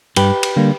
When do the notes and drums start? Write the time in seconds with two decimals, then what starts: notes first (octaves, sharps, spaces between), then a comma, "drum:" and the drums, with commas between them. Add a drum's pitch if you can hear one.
0.16 G2 G4 B4, drum: cymbal
0.43 drum: cymbal
0.56 D3 G3 A#3